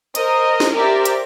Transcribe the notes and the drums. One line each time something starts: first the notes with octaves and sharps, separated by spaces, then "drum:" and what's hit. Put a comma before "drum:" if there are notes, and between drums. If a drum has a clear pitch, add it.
A#4 C5 D#5, drum: hi-hat
drum: snare
G4 A#4 C5 D5 E5
drum: hi-hat